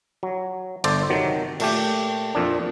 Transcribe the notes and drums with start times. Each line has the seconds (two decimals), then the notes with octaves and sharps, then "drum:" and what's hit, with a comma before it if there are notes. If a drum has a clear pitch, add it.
0.23 F#3
0.84 G1 A4 C5 D5, drum: cymbal
1.10 C3 D#3 F#3
1.60 A#2 A3 G4, drum: cymbal
2.35 F2 A#2 D4